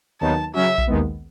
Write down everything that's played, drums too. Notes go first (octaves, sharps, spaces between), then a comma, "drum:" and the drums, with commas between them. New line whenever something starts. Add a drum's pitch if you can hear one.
D#2 D#3 F#3 B3 D#4 A5
C#3 F#3 C#4 F#4 E5
drum: kick A#1
D#2 D#3 G#3 B3